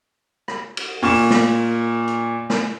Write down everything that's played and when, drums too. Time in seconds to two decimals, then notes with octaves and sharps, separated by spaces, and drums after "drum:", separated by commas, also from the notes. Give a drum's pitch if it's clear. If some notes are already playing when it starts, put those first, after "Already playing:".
0.48 drum: rim click
0.77 drum: cymbal
1.03 A#2 C#6 E7, drum: open hi-hat
1.30 drum: snare
2.08 drum: hi-hat
2.50 drum: snare